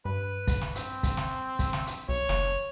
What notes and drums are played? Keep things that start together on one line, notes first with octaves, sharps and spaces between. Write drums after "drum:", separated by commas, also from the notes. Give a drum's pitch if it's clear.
G2 B4
drum: kick, hi-hat
drum: snare
C4, drum: hi-hat
drum: kick, hi-hat
drum: snare
drum: kick, hi-hat
drum: snare
drum: hi-hat
B1 C#5
F#1, drum: snare